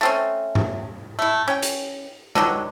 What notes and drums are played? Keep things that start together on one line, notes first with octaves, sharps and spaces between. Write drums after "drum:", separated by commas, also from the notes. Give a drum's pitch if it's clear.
A3 C4 C#4
drum: tom G#2
A3 E4
C#4 G5
drum: hi-hat
D3 D#3 F3 F#3, drum: tom G#3